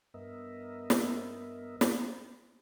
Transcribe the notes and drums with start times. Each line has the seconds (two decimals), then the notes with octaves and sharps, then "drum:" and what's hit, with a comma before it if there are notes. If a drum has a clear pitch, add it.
0.14 G2 B3 A#4 D#5 E5
0.90 drum: snare
1.81 drum: snare